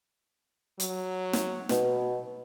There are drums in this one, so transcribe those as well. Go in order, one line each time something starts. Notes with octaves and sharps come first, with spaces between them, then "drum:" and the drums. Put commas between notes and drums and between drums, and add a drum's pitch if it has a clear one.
F#3, drum: hi-hat
drum: snare
B2, drum: snare